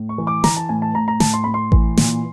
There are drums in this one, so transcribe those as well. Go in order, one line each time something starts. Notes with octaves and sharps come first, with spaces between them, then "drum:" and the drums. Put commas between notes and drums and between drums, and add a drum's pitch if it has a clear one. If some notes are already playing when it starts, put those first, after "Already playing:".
Already playing: A2
C#6
E3
D6
E3 A#5, drum: snare
A5
A2 G#5
A5
A2 A#5
A#5
A2 A5, drum: snare
C6
A2 B5
C6
E3, drum: kick A1
A#2, drum: snare